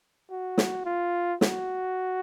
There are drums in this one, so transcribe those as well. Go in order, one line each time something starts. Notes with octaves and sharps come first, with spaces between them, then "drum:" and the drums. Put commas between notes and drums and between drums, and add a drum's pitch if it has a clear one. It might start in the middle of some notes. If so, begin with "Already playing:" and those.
F#4
drum: snare
F4
F#4, drum: snare